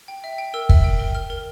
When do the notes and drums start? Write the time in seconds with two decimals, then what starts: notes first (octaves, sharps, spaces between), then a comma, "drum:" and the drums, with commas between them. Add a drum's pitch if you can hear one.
0.08 G5
0.24 E5
0.38 G5
0.54 A#4 E6
0.69 E5, drum: kick
0.84 G5
1.00 A#4
1.15 A#4 F6
1.30 A#4